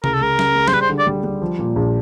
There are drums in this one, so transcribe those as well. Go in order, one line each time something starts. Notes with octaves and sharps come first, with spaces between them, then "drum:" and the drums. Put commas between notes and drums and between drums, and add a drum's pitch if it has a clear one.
C#2 A#4, drum: tom C3
A4
G#3 A#4
C#3, drum: snare
G#3
C5, drum: snare
G3 B4
C5
D3
D5
G3
G3
F3
A#2
A#1